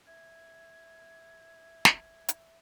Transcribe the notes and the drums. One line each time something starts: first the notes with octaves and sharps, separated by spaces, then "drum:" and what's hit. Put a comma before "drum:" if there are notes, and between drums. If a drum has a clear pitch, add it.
E5 G#6
drum: snare
drum: hi-hat